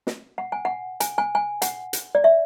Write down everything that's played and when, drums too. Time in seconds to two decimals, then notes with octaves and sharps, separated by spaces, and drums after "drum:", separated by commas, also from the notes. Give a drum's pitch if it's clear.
0.07 drum: snare
0.38 F#5
0.52 G#5
0.65 F#5
1.00 G#5, drum: hi-hat
1.18 G#5
1.35 G#5
1.62 F#5, drum: hi-hat
1.93 drum: hi-hat
2.15 D5
2.24 E5